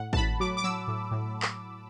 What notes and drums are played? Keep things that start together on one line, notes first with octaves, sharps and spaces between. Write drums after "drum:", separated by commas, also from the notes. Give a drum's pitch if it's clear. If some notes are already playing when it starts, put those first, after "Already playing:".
Already playing: A2 F#5
A5, drum: kick
A2 B5
F#3 D6
D6
F#3 E6
A2
A2
drum: clap